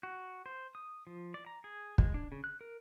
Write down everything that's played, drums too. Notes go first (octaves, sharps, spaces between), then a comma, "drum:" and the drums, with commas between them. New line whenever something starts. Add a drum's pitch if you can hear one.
F#4
C5
D#6
F3
D5
A#5
G#4
G#3, drum: kick
D4
C#3
F#6
A#4